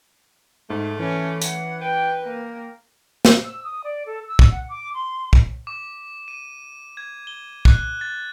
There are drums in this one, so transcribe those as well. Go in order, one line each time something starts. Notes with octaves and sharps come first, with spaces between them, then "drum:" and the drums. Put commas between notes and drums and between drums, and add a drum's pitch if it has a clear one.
G#2 A3
E3 C#4
F#5, drum: hi-hat
B4 G5
A#3
drum: snare
E6
D#6
D5
A4
E6
drum: kick
F#5
D6
C6
drum: kick
D6
D#7
G#6
G7
F#6, drum: kick
A6